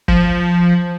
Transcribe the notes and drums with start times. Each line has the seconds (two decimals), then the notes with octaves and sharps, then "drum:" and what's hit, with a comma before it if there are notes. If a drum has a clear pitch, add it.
0.08 F3, drum: kick G1